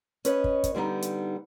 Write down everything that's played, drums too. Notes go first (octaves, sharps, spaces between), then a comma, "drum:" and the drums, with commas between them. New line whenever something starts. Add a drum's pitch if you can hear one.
C#4 B4 C#5 D#5, drum: hi-hat
drum: kick
drum: kick, hi-hat
D3 G3 B3 D#4
drum: hi-hat